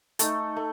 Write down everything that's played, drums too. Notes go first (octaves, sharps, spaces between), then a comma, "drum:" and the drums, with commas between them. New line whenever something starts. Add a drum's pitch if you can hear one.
A3 D#4 A4, drum: hi-hat
A3